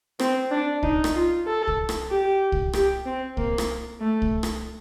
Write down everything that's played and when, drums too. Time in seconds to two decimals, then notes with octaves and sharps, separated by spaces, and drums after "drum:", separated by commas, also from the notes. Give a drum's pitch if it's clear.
0.19 C4, drum: rim click
0.51 D4
0.83 D#4, drum: kick C2
1.04 drum: rim click
1.14 F4
1.46 A4
1.68 drum: kick C2
1.89 drum: rim click
2.10 G4
2.52 drum: kick C2
2.73 G4, drum: rim click
3.06 C4
3.37 A#3, drum: kick C2
3.58 drum: rim click
4.01 A3
4.22 drum: kick C2
4.43 drum: rim click